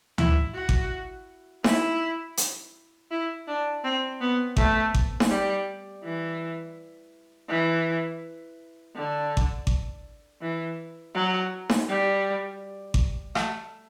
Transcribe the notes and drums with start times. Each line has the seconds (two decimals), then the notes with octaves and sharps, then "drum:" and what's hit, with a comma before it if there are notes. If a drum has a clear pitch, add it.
0.18 E4, drum: tom D2
0.55 F#4
0.69 drum: kick G#1
1.64 E4, drum: snare D#4
2.37 drum: hi-hat
3.11 E4
3.48 D4
3.84 C4
4.21 B3
4.57 A3, drum: kick G#1
4.94 drum: kick G#1
5.20 drum: snare D#4
5.30 G3
6.04 E3
7.49 E3
8.96 D3
9.37 drum: kick G#1
9.67 drum: kick G#1
10.42 E3
11.15 F#3
11.69 drum: snare D#4
11.88 G3
12.94 drum: kick G#1
13.35 A3, drum: rim click